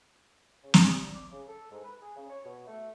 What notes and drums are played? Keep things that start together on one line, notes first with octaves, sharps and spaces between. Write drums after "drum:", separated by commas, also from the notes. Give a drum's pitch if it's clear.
C#3
drum: snare
G3
D6
C#3
A4
G#2
B4
G#4
C#3
C#5
B2
A3